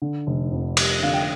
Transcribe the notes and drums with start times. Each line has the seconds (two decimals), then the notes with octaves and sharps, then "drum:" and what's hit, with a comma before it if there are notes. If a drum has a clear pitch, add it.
0.02 D3
0.27 F1
0.52 F2
0.77 G3, drum: cymbal
1.03 D3 F5
1.14 G5